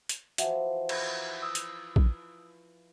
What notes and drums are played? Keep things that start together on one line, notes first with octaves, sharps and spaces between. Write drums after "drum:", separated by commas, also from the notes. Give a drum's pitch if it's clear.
drum: hi-hat
E3 F3 F#4 E5 F#5, drum: hi-hat
drum: cymbal
D#6 E6
drum: hi-hat
drum: kick